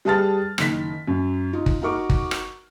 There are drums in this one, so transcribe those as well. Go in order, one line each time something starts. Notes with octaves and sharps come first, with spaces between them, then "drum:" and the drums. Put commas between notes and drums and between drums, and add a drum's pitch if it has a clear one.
G3 G#4 B4 A5 F6 A6
F#1 D#3 B6, drum: rim click
F#2
D#4 F4
drum: kick
D#4 F#4 A#4 C#6 D6
drum: kick
drum: rim click